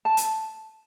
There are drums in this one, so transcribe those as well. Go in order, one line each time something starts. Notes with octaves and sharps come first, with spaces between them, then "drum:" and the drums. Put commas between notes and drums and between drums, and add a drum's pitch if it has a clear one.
A5
drum: hi-hat